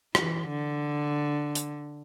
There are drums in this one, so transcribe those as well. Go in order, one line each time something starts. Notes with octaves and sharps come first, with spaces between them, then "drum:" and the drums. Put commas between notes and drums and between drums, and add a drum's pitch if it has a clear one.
E3, drum: rim click
D3
drum: hi-hat